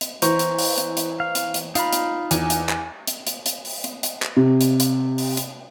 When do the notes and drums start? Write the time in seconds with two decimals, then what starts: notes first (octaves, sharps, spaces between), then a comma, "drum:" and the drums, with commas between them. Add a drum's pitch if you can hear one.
0.01 drum: hi-hat
0.22 E3 C5 A#5 C#6, drum: hi-hat
0.39 drum: hi-hat
0.58 drum: open hi-hat
0.78 drum: hi-hat
0.97 drum: hi-hat
1.20 F5
1.35 drum: hi-hat
1.54 drum: hi-hat
1.75 D#4 F4 F5 A#5 B5, drum: hi-hat
1.93 drum: hi-hat
2.31 E2 G#5, drum: hi-hat
2.50 drum: hi-hat
2.69 drum: clap
3.07 drum: hi-hat
3.27 drum: hi-hat
3.46 drum: hi-hat
3.65 drum: open hi-hat
3.84 drum: hi-hat
4.03 drum: hi-hat
4.22 drum: clap
4.37 C3
4.61 drum: hi-hat
4.80 drum: hi-hat
5.18 drum: open hi-hat
5.37 drum: hi-hat